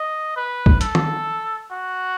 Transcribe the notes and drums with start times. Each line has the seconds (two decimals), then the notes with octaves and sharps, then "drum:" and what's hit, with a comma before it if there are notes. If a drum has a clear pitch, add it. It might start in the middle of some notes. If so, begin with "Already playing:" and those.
Already playing: D#5
0.36 B4
0.66 drum: kick
0.81 A4, drum: hi-hat
0.95 drum: tom D#3
1.71 F#4